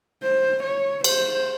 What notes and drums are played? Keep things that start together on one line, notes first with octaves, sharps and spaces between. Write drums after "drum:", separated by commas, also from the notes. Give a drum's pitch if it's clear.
C5
C#5
C5, drum: cymbal